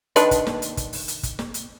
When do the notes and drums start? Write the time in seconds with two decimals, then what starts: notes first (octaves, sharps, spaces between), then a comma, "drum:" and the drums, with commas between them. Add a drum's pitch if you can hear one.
0.16 D#3 D4 B4, drum: hi-hat
0.31 drum: kick, hi-hat
0.47 drum: snare
0.62 drum: hi-hat
0.77 drum: kick, hi-hat
0.93 drum: open hi-hat
1.08 drum: hi-hat
1.23 drum: kick, hi-hat
1.39 drum: snare
1.54 drum: hi-hat